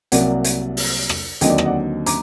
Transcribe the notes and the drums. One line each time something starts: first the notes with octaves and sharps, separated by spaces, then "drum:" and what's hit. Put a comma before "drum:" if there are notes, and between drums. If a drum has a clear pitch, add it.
C2 C3 F#3 A#3 D5 F#5, drum: hi-hat
drum: hi-hat
drum: open hi-hat
drum: rim click
D#2 D3 F#3 C4 D#4 D#5 G5, drum: hi-hat
D5
D#5, drum: rim click
D5 F#5
A#5 D6, drum: hi-hat